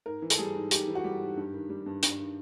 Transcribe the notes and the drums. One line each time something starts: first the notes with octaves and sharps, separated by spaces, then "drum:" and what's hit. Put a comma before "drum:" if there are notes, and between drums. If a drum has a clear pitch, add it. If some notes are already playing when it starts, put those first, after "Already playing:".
G#2 A#4
E3
A4, drum: hi-hat
G3 G#4
G#2
G#2 G4, drum: hi-hat
E3
F#4
G3 G4
G#2
G2
D#3
G3
G2
G2, drum: hi-hat
D#3